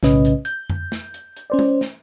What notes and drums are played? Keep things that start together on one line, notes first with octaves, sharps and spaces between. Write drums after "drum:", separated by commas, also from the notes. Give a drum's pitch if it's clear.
B1 A2 C#3 C#4 B4 D#5, drum: snare
drum: hi-hat
G6, drum: hi-hat
drum: tom F2
drum: snare
drum: hi-hat
drum: hi-hat
C#4 C5 D5
drum: tom G#3
drum: snare